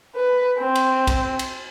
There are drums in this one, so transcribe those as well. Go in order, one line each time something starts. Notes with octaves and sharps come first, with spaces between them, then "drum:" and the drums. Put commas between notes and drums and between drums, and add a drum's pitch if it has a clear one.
B4
C4
drum: cymbal
drum: kick, cymbal
drum: cymbal